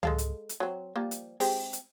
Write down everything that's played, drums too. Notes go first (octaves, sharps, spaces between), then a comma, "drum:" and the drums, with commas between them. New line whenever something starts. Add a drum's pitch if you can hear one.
G#3 A4 F5, drum: tom C#2
drum: hi-hat
drum: hi-hat
F#3 C4
F3 G3 A#3
drum: hi-hat
G#3 C4 G4, drum: open hi-hat
drum: hi-hat